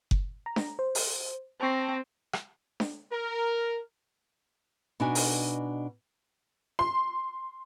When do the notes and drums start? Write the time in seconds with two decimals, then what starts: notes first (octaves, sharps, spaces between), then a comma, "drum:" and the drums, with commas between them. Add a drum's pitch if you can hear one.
0.11 drum: kick F#1
0.46 A#5
0.56 drum: snare D4
0.79 C5
0.95 drum: open hi-hat
1.61 C4 A5 C#6 A#6
2.33 drum: rim click
2.80 drum: snare D4
3.12 A#4
5.00 B2 B3 D4 D#4 F#4 G#5
5.15 drum: open hi-hat
6.79 C6